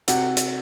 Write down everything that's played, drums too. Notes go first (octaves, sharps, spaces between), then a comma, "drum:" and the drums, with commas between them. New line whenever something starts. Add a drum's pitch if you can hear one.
C3 F#4 F#5, drum: hi-hat
drum: hi-hat